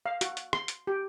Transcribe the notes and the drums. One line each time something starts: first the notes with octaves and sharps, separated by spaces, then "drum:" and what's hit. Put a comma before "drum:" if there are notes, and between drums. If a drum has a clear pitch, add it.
F5
F#4, drum: hi-hat
drum: hi-hat
C6, drum: rim click
drum: hi-hat
G4